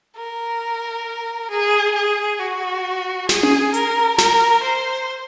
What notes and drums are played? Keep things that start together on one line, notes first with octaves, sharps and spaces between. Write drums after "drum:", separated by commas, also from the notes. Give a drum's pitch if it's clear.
A#4
G#4
G#4
F#4
G#4, drum: snare
drum: tom C#4
A#4, drum: hi-hat
A#4, drum: snare
C5